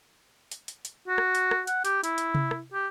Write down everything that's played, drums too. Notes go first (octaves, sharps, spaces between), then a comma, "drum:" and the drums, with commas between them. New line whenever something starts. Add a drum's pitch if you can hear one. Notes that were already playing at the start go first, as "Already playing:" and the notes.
drum: hi-hat
drum: hi-hat
drum: hi-hat
F#4
drum: rim click
drum: hi-hat
drum: rim click
F#5, drum: hi-hat
G4, drum: hi-hat
E4, drum: hi-hat
drum: hi-hat
drum: tom C3
drum: rim click
G4